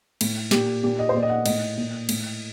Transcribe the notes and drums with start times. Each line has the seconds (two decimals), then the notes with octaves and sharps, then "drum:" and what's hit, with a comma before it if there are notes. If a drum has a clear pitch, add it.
0.21 A2, drum: cymbal
0.51 A#2 G4, drum: snare
0.83 A#2 G4
0.99 D#5
1.09 C5
1.14 A#2 D5
1.23 D#5
1.29 F#5
1.46 A2 D#5, drum: cymbal
1.77 A#2
2.09 A2, drum: cymbal